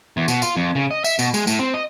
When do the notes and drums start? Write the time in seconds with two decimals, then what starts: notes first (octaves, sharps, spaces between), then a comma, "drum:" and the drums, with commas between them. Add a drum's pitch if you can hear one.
0.17 E2
0.28 B2, drum: tambourine
0.42 F4, drum: tambourine
0.57 F2
0.75 C#3
0.91 D#5
1.04 E5, drum: tambourine
1.19 B2, drum: tambourine
1.34 G#3, drum: tambourine
1.47 A2, drum: tambourine
1.59 C4
1.74 D#5